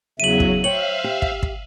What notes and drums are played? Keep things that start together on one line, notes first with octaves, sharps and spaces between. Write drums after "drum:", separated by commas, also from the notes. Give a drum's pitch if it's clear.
E2 C#3 F#3 E5 D#7 F#7
drum: kick
C5 C#5 E5 F5 G5 F#7
G4
drum: kick
drum: kick